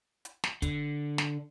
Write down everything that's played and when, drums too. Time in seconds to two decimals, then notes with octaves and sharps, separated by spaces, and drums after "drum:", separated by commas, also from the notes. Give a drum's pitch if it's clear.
0.25 drum: hi-hat
0.44 drum: snare
0.62 D3, drum: kick, hi-hat
1.18 drum: snare